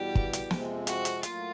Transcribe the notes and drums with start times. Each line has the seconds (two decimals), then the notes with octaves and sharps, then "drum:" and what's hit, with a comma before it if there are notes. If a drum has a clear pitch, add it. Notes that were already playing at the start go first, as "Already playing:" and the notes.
Already playing: E2 B2 G3 G4
0.15 drum: kick
0.33 drum: hi-hat
0.51 F2 C3 F3 G#3 C4, drum: snare
0.87 F#4, drum: hi-hat
1.05 drum: hi-hat
1.23 A2 F#3 A#3 F4, drum: hi-hat